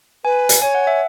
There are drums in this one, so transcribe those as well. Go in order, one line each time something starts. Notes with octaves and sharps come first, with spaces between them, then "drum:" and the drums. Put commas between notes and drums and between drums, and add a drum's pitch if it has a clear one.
B4 G#5
drum: hi-hat
C#5 G#5
F#5
E5